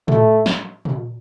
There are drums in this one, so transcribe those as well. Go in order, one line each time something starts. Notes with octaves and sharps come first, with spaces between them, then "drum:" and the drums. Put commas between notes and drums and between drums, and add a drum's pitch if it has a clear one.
A3, drum: tom A2
drum: snare
drum: tom A#2